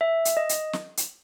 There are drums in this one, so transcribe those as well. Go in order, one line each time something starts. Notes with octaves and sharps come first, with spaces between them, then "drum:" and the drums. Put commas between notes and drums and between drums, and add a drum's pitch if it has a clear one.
E5
drum: hi-hat
D#5
drum: hi-hat
drum: snare
drum: hi-hat